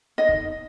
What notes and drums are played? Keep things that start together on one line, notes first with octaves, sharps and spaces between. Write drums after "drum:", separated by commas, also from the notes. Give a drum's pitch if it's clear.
D#4 D#5
drum: kick